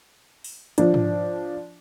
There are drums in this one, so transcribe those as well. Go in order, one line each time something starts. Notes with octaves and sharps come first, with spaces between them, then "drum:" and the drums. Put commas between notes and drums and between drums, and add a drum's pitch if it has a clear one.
drum: open hi-hat
F3 D4, drum: hi-hat
drum: tom G#2